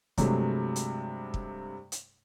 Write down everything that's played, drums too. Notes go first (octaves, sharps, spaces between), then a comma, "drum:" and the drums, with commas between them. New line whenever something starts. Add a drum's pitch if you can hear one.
G2 C3 F#3 G#3 A3, drum: kick, hi-hat
drum: hi-hat
drum: kick
drum: hi-hat